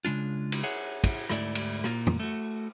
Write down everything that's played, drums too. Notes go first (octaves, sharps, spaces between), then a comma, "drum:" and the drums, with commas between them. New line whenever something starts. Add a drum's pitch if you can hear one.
C#3 G#3 D4 F4
drum: cymbal
G#4 C#5 E5 F#5
drum: kick, cymbal
D2 G#2 A3 E4 D5, drum: rim click
drum: cymbal
A#2 A#3 F4, drum: rim click
drum: tom
A3 F#4